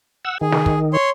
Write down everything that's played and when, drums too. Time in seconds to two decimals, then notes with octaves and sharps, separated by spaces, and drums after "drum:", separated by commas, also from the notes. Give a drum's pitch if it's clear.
0.25 F#5 E6
0.41 D#3 G#4
0.52 drum: snare
0.66 drum: kick
0.93 C#5 C6